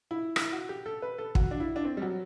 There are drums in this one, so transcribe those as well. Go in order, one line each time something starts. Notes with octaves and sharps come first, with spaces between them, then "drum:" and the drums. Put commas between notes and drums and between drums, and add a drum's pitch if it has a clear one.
E4
E4, drum: rim click
F#4
G4
A4
B4
A4
F#4, drum: kick
D4
E4
D4
C4
G3
F#3